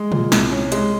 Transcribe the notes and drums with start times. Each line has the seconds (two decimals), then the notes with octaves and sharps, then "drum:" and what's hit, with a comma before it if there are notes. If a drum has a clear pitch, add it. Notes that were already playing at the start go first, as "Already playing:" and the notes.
Already playing: G#3
0.12 A#2, drum: tom
0.32 C2, drum: snare
0.52 C#4
0.72 G#3, drum: hi-hat